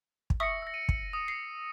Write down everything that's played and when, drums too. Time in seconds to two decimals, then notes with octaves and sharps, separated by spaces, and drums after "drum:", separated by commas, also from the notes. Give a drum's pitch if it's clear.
0.30 drum: kick
0.40 E5 C#6 D#6 E6 A#6 C#7
0.62 E6 A#6
0.74 D#7
0.89 drum: kick
1.13 D#6
1.28 C7